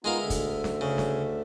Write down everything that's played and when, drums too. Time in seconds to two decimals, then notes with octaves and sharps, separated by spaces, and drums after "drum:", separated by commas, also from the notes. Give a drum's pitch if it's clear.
0.04 G#3 B3 D#4 F4 A#4 F5
0.20 D2 D3 E5
0.30 drum: kick, hi-hat
0.64 drum: snare
0.81 C#3
0.98 drum: snare